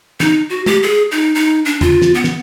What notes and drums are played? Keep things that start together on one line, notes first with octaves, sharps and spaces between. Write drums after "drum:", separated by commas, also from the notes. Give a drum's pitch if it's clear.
D#4, drum: snare
F#4
G4, drum: tom
G#4
D#4
D#4
D4
F4, drum: tom E2
drum: snare
B3
drum: snare